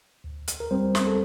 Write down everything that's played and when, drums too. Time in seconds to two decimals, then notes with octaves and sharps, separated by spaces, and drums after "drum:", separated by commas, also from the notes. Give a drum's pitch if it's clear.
0.24 D2
0.48 drum: hi-hat
0.60 A#4
0.71 G3 C4 C5
0.95 drum: snare
1.07 A4